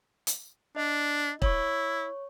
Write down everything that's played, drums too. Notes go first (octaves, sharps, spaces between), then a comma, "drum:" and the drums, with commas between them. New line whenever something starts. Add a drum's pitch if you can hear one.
drum: hi-hat
D4 D#5
E4 C#5 C#6, drum: kick